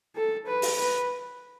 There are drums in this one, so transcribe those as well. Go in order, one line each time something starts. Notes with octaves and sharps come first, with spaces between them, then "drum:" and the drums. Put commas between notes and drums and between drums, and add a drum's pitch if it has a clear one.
A4
B4
drum: open hi-hat
B4